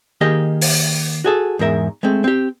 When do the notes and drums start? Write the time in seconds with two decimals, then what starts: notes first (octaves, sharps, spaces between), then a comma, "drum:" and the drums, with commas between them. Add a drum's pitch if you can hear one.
0.21 D#3 A#3 G4 G#4 D#5
0.61 drum: open hi-hat
1.24 F#4 G#4 A4
1.59 E2 G#2 A#4 E5
2.03 G#3 A3 C4
2.24 C4 G4